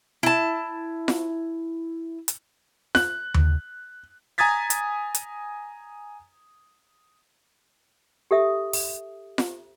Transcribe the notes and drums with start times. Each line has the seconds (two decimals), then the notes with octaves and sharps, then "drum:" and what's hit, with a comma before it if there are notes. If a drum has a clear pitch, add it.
0.23 E4 A5
1.08 drum: snare F4
2.28 drum: hi-hat
2.95 F#6, drum: snare F4
3.34 drum: tom D#2
4.38 G#5 A#5 D#6 G#6 A6 B6
4.70 drum: hi-hat
5.15 drum: hi-hat
8.31 G4 A4 E5 D#6
8.73 drum: open hi-hat
9.38 drum: snare F4